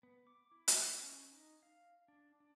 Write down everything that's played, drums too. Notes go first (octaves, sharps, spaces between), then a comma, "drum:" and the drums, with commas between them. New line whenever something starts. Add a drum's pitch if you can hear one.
B3
D6
E4
drum: hi-hat
C#4
D#4
F5
D4
D4